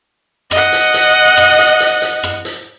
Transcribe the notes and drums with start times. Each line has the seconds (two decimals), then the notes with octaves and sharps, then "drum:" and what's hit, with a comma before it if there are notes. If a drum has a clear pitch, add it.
0.51 D#5 F#5, drum: rim click
0.73 drum: hi-hat
0.94 drum: hi-hat
1.37 drum: rim click
1.59 drum: hi-hat
1.80 drum: hi-hat
2.02 drum: hi-hat
2.23 drum: rim click
2.45 drum: hi-hat